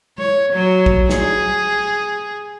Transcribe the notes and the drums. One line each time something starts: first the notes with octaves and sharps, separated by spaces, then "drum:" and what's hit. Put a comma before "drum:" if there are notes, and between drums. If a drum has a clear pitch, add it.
C#5, drum: tom G#3
F#3
drum: kick
G#4, drum: snare